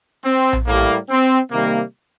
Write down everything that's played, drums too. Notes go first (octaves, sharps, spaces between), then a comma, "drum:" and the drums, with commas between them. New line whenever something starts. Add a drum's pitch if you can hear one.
C4
drum: tom A#1
A2 G3 A#3
C4
C3 D#3 G3 A#3